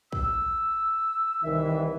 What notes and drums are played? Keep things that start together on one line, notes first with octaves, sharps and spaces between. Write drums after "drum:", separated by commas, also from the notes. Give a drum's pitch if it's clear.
E6, drum: kick
C2 D#3 E3 E5